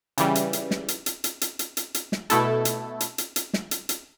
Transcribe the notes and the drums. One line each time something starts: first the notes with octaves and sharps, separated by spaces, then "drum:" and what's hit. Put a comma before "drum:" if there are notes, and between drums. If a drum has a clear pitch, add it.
C#3 E3 G3, drum: hi-hat
drum: hi-hat
drum: hi-hat
drum: snare
drum: hi-hat
drum: hi-hat
drum: hi-hat
drum: hi-hat
drum: hi-hat
drum: hi-hat
drum: hi-hat
drum: snare
B2 A3 E4 A4, drum: hi-hat
drum: hi-hat
drum: hi-hat
drum: hi-hat
drum: hi-hat
drum: snare
drum: hi-hat
drum: hi-hat